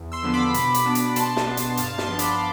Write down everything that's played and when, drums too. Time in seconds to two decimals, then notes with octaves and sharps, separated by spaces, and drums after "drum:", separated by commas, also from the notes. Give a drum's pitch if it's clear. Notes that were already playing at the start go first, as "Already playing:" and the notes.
Already playing: E2
0.12 C6 E6
0.23 D3 F3 B3
0.34 B5 D6
0.54 B2, drum: hi-hat
0.74 drum: hi-hat
0.85 B3 D4
0.95 drum: hi-hat
1.16 B2 A5 C6, drum: hi-hat
1.37 drum: snare
1.47 B3 D4
1.57 drum: hi-hat
1.77 G2 F5 A5, drum: hi-hat
1.98 A5 C6, drum: snare
2.08 F3 B3 D4
2.19 B5 D6, drum: hi-hat